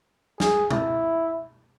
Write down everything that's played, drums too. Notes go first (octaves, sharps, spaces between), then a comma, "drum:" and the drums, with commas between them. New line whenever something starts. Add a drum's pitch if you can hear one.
G#4, drum: snare
E4, drum: tom B2